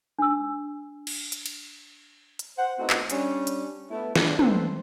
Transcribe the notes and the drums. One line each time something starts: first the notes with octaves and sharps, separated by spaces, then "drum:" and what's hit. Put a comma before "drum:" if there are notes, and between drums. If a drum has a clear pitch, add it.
D4 E6
drum: cymbal
drum: hi-hat
drum: cymbal
drum: hi-hat
C5 F#5
A3 B3 C4 D#4 E4 F#4
drum: clap
G3 C#4 D4, drum: hi-hat
drum: hi-hat
A3 B3 E4
G#3 D4, drum: snare
C4 A4 B4 C5, drum: tom